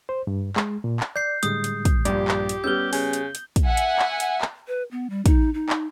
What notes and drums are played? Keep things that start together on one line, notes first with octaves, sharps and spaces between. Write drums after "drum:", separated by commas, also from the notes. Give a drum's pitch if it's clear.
C5
G2
G#3, drum: clap
A#2
drum: clap
D5 G6 C7
A2 D3 G3 G#3 D#6, drum: hi-hat
drum: hi-hat
drum: kick, hi-hat
A#1 G2 G4 D5, drum: hi-hat
drum: clap
drum: hi-hat
G3 B3 C#4 E6 F6 G6 G7
C#3 G#5, drum: open hi-hat
drum: hi-hat
drum: hi-hat
drum: kick, hi-hat
E5 F#5 G#5
drum: hi-hat
drum: clap
drum: hi-hat
drum: clap
B4
B3
G3
D#4, drum: kick, hi-hat
D#4
drum: clap